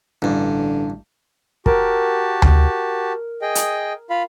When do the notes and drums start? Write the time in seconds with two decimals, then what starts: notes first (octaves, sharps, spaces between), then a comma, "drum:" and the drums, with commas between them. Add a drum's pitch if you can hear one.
0.22 A1 G2 D3
1.66 F#4 G4 A#4 A5, drum: kick
2.42 drum: tom D2
3.42 G#4 D#5 G5
3.55 drum: hi-hat
4.10 F4 F5 B5